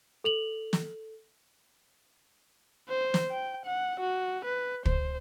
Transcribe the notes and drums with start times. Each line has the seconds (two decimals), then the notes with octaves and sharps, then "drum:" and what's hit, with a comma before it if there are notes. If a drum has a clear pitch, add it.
0.24 A4 F7 F#7
0.73 drum: snare
2.89 C5
3.14 drum: snare
3.31 G5
3.65 F#5
4.00 F#4
4.45 B4
4.85 C5, drum: kick